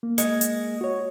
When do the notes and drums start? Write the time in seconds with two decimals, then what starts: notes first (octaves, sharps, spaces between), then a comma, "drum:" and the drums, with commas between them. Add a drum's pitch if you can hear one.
0.03 A#3
0.18 G#3, drum: hi-hat
0.41 drum: hi-hat
0.81 F#4 C#5